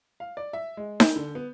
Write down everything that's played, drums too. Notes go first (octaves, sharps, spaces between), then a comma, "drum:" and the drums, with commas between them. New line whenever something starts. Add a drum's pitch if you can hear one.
F5
D5
E5
G#3
G6, drum: snare D#4
D3
B3